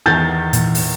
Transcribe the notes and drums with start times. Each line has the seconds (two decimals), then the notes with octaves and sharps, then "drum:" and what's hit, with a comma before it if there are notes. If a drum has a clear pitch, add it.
0.06 E2 D#3 G6 A6
0.53 A#2 E3 A#3, drum: hi-hat
0.75 drum: open hi-hat